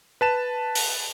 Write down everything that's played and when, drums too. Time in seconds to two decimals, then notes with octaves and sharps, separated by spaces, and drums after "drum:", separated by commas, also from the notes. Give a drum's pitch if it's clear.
0.21 B4 A5 E7
0.75 drum: open hi-hat